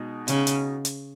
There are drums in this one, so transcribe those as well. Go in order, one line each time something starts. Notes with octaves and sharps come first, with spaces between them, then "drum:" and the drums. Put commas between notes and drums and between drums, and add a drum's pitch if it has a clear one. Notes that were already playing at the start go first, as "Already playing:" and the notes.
Already playing: B2 G#3 D#4 G#4
C#3, drum: hi-hat
drum: hi-hat
drum: hi-hat